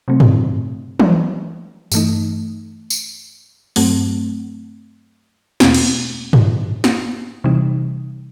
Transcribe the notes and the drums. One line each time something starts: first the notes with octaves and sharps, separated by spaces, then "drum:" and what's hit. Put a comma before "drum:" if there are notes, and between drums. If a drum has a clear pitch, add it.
C3 F#3 A3 C4
drum: tom
drum: tom E3
G2 E3 A3 D#4, drum: tambourine
drum: tambourine
G2 F#3 A3 C4, drum: open hi-hat
E2 B2 A3 C4, drum: snare
drum: cymbal
drum: tom
drum: snare
C3 E3 G3 D#4